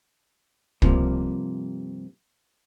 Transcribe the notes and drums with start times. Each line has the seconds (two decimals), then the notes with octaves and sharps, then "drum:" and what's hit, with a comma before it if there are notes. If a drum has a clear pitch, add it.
0.82 G2 C3 F3 G#3 A#3, drum: kick